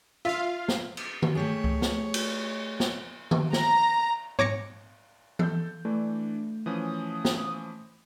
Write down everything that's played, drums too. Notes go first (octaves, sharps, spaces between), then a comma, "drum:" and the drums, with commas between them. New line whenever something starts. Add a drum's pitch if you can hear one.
F4 E5 F5
drum: snare
drum: cymbal
drum: tom D#3
A3 G4 G#4 C#5
drum: kick C#2
drum: snare
drum: cymbal
drum: snare
drum: tom D#3
A#5, drum: snare
C#5 D6 A#6 C#7, drum: tom G#2
A4 G6, drum: tom E3
E3 A3 D4
E3 F3 C#4 D#6
drum: snare